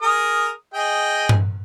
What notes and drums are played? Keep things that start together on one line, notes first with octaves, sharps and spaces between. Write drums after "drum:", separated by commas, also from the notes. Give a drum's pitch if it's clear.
G#4 A#4 D#6
G#4 D#5 G5
drum: tom G2